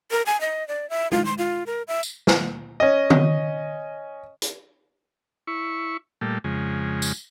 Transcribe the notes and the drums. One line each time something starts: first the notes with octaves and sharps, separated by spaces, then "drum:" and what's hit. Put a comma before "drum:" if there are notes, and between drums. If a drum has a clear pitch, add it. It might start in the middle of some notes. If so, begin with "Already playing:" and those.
A#4
G#5
D#5
D5
E5
F4, drum: tom
C6
F4
A#4
E5
drum: tambourine
drum: snare
C#4 D#5
drum: tom D3
drum: hi-hat
E4 C#6
A#2 G3 A3
F2 C#3 G#3
drum: tambourine